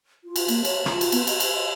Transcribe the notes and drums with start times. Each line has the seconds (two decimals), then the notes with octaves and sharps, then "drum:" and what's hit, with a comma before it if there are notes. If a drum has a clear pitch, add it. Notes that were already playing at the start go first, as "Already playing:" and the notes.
0.24 F4
0.36 drum: cymbal
0.48 A#3, drum: cymbal
0.65 C#5, drum: cymbal
0.86 F4, drum: rim click
1.01 drum: cymbal
1.12 B3, drum: cymbal
1.27 D#5, drum: cymbal
1.40 drum: cymbal
1.53 D#5